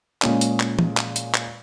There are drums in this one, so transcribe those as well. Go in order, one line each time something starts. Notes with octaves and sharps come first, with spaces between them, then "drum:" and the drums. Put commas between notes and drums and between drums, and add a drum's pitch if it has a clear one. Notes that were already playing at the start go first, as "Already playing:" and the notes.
A#2 G#3 C#4, drum: clap
drum: hi-hat
drum: clap
drum: tom
drum: clap
drum: hi-hat
drum: clap